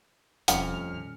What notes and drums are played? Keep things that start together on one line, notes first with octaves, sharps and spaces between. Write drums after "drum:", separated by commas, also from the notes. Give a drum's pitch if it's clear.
E1 F2 G3 C#4 F6 C#7, drum: hi-hat
D2
A#2 D#3